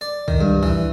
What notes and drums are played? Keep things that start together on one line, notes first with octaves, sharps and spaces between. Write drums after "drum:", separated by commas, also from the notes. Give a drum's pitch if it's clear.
D5
D#3, drum: kick C2
G2
E3, drum: kick C2